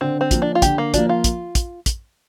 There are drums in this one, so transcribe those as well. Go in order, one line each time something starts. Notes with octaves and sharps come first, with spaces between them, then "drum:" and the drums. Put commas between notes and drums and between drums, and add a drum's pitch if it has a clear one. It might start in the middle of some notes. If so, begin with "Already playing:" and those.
D3 C4
C4
F3 A#3, drum: kick, hi-hat
D4
F4
D3 G4, drum: kick, hi-hat
A#3
F3 A#3 D4, drum: kick, hi-hat
F4
drum: kick, hi-hat
drum: kick, hi-hat
drum: kick, hi-hat